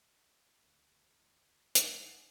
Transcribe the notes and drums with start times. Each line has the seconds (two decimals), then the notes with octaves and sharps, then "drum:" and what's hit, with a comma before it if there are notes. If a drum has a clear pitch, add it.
0.64 D2
1.75 drum: hi-hat
1.92 F1 E2 G2 F#5 G#5